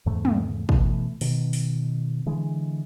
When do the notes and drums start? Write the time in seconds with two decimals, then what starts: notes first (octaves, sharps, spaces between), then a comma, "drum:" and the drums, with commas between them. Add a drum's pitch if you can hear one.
0.06 E2 G#2 C#3 A3
0.25 drum: tom
0.69 B2 E3 A3, drum: kick
1.21 B2 D#3, drum: open hi-hat
1.53 drum: open hi-hat
2.26 D3 E3 G#3